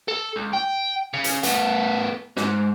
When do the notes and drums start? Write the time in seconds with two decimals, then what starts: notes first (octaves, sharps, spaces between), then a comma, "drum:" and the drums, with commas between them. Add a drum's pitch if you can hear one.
0.08 A4
0.36 C#2
0.53 G5
1.14 C#3
1.24 drum: hi-hat
1.43 A3 B3, drum: hi-hat
2.37 G#2, drum: snare